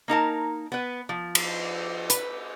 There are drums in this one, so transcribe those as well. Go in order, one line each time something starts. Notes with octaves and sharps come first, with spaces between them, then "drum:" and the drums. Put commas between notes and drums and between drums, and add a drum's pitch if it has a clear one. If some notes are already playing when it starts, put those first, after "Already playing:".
A#3 D#4 A#4 A5
B3 B4
F3
drum: cymbal
B4, drum: hi-hat